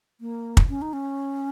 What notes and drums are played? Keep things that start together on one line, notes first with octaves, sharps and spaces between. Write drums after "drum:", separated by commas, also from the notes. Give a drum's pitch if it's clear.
A#3
drum: kick
C#4
D#4
C#4